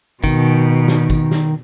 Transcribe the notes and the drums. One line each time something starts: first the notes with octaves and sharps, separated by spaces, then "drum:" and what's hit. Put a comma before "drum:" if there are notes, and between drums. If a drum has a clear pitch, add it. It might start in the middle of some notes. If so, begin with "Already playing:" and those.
B2 D#3, drum: kick, tambourine
drum: snare
drum: kick, tambourine
drum: snare